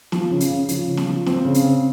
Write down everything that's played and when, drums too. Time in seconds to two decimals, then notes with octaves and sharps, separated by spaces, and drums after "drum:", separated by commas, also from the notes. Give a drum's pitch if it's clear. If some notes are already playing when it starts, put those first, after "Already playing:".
0.12 F3, drum: snare
0.31 C#3
0.40 drum: hi-hat
0.50 C#3
0.68 F3, drum: hi-hat
0.88 C#3
0.97 drum: snare
1.07 F3
1.26 C4, drum: snare
1.45 C#3
1.54 drum: hi-hat
1.64 C4